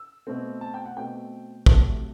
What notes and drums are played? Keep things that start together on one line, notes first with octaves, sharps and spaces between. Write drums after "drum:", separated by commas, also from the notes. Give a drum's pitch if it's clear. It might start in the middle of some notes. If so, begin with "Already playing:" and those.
Already playing: E6
B2 A3 C4
A5
G5
F#5
B2 A3 C4 G5
C3 F#3 A3 A5, drum: kick